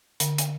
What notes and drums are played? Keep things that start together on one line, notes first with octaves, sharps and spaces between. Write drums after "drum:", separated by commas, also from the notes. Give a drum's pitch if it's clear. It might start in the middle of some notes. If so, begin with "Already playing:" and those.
D3, drum: hi-hat
drum: hi-hat